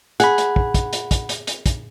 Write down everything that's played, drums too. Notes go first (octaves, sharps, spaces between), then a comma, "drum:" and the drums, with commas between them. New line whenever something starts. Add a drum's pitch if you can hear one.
G#4 F#5 B5, drum: hi-hat
drum: hi-hat
drum: kick
drum: kick, hi-hat
drum: hi-hat
drum: kick, hi-hat
drum: hi-hat
drum: hi-hat
drum: kick, hi-hat